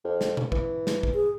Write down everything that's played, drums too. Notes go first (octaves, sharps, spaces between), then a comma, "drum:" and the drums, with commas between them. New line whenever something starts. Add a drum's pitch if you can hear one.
F2
drum: snare
drum: tom B2
E3, drum: kick
drum: snare
drum: kick
G#4